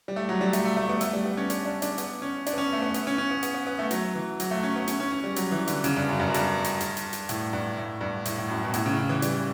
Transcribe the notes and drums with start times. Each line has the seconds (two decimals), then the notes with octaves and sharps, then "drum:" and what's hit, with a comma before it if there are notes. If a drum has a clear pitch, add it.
0.08 G3
0.16 A3
0.29 F#3
0.41 G3
0.53 A3, drum: hi-hat
0.65 A3
0.77 A3
0.89 B3
1.01 A3, drum: hi-hat
1.13 G3
1.26 B3
1.37 C#4
1.50 D4, drum: hi-hat
1.65 D4
1.82 D4, drum: hi-hat
1.98 B3, drum: hi-hat
2.22 C#4
2.46 D4, drum: hi-hat
2.53 B3
2.58 C#4
2.73 A3
2.82 B3
2.94 B3, drum: hi-hat
3.07 C#4
3.18 C#4
3.31 B3
3.43 B3, drum: hi-hat
3.55 B3
3.67 B3
3.79 A3
3.91 F#3, drum: hi-hat
4.15 E3
4.40 F#3, drum: hi-hat
4.51 A3
4.63 C#4
4.76 B3
4.88 C#4, drum: hi-hat
5.00 C#4
5.12 C#4
5.24 G3
5.36 F#3, drum: hi-hat
5.52 E3
5.68 D3, drum: hi-hat
5.84 C#3, drum: hi-hat
5.97 G2
6.08 F#2
6.20 G2
6.27 F#2
6.34 G2, drum: hi-hat
6.64 drum: hi-hat
6.81 drum: hi-hat
6.97 drum: hi-hat
7.13 drum: hi-hat
7.29 A2, drum: hi-hat
7.53 G2
7.76 A2
8.01 G2
8.25 A2, drum: hi-hat
8.38 A2
8.49 F#2
8.64 B2
8.74 A2, drum: hi-hat
8.86 C#3
8.97 C#3
9.09 E3
9.22 G3, drum: hi-hat